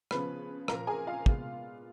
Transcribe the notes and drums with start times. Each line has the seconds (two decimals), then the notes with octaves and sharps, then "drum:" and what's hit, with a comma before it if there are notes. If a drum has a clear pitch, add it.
0.11 C#3 F3 B3 B4 B5, drum: rim click
0.68 A#2 F3 A#3 A#4 A#5, drum: rim click
0.87 G#4 G#5
1.07 F4 F5
1.26 A#2 G#3 B3, drum: kick